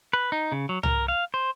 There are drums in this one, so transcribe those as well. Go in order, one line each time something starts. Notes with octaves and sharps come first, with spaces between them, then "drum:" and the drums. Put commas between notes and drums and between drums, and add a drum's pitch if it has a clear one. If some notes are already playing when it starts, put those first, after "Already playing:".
B4
D#4
C#3
F#3
A#4, drum: tom C2
F5
C5